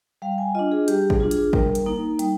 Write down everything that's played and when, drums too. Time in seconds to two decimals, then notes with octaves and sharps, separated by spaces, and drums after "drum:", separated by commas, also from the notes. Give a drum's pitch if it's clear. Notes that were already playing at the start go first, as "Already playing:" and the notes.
0.22 G3 F5
0.38 G#5
0.55 D4 F4 D#5
0.72 G#4
0.88 G3 G4, drum: hi-hat
1.10 G#4, drum: kick G#1
1.20 D4 F4
1.31 G#4, drum: hi-hat
1.53 G3 A#4, drum: kick G#1
1.75 drum: hi-hat
1.86 A#3 D#4
2.19 G3, drum: hi-hat